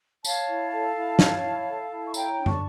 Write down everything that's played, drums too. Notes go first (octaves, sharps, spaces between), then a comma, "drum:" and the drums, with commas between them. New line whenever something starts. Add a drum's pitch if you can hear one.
C#5 F5 A5, drum: tambourine
E4
A4
E4
C#5, drum: snare
E4
A4
E4
C#6
C#5 G5 A#5, drum: tambourine
D4
A5 C#6, drum: tom